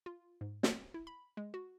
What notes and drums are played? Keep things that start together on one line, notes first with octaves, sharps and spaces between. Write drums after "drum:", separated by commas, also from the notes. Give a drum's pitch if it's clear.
F4
G#2
C5, drum: snare
E4
B5
G#3
F#4